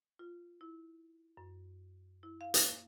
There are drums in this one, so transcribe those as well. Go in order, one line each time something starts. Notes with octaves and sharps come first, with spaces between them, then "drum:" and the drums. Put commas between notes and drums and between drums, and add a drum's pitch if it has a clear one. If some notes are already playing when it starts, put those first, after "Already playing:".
F4
E4
F#2
E4
F5
A#3, drum: hi-hat